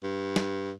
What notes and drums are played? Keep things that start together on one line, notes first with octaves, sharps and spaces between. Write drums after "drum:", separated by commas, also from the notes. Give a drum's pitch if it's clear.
G2
drum: snare